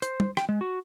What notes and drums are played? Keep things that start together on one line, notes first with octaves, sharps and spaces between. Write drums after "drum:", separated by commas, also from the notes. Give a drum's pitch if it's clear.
C5, drum: hi-hat
drum: tom
G5, drum: rim click
G#3
F#4